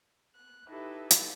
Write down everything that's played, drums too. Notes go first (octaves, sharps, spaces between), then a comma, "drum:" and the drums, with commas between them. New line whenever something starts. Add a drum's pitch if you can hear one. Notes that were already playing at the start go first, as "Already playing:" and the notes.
F#6
D#4 E4 G4 A4 B4
drum: hi-hat